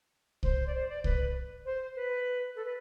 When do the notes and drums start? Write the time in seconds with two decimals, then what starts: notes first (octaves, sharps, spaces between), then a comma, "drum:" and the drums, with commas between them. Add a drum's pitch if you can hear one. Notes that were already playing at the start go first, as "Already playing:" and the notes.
0.43 C5, drum: kick C2
0.66 D5
0.74 C5
0.88 D5
1.04 B4, drum: kick C2
1.65 C5
1.95 B4
2.55 A4
2.64 B4